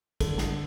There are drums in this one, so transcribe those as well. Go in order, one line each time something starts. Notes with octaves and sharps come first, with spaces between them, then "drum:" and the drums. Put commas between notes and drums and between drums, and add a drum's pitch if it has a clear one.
D3, drum: kick, cymbal
drum: snare